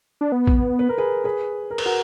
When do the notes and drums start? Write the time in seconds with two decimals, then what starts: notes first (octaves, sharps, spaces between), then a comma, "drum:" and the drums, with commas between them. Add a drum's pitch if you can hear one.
0.21 D4
0.32 B3
0.47 drum: kick
0.79 B4
0.89 A#4
0.98 G#4 B4
1.24 G#4 B4
1.71 A#4
1.78 B4, drum: cymbal
1.86 F#4 A#4